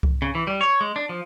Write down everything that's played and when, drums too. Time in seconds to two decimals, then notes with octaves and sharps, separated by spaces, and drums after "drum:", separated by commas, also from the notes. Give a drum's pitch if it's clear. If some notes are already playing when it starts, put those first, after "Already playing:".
0.03 drum: kick C2
0.22 C#3
0.35 E3
0.47 G3
0.61 C#5
0.81 G#3
0.96 D4
1.09 F3